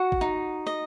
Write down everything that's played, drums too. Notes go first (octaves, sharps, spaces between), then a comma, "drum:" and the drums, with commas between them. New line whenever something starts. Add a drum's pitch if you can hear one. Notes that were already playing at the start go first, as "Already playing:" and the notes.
Already playing: F#4 F#5
drum: kick
D#4
D#5